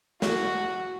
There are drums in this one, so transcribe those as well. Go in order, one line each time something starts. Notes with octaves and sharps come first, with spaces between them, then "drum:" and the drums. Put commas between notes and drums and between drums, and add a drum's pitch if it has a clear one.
F#4, drum: snare